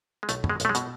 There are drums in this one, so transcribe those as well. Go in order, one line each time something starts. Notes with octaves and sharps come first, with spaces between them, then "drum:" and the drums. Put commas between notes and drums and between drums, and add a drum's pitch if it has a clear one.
G#3
B1 A3, drum: hi-hat
B2, drum: tom F#2
G#3
B1 A3, drum: hi-hat
G#3
B2, drum: hi-hat